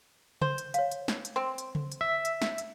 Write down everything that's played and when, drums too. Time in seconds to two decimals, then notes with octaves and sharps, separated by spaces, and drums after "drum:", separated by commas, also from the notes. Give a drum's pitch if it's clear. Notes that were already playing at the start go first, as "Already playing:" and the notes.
0.41 C5, drum: tom C#3
0.58 drum: hi-hat
0.74 C#5 F5, drum: hi-hat
0.92 drum: hi-hat
1.08 drum: snare
1.25 drum: hi-hat
1.36 C4 C6
1.58 drum: hi-hat
1.75 drum: tom C#3
1.92 drum: hi-hat
2.01 E5
2.25 drum: hi-hat
2.42 drum: snare
2.58 drum: hi-hat